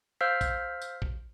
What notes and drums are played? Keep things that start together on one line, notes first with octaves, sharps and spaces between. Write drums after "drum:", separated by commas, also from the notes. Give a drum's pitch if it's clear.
C5 F5 E6 F6 G6 B6
drum: kick, tambourine
drum: tambourine
drum: kick